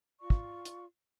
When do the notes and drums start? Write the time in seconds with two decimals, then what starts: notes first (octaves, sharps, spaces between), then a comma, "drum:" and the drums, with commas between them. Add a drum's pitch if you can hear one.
0.20 F4 D5 C#6
0.30 drum: kick
0.65 drum: hi-hat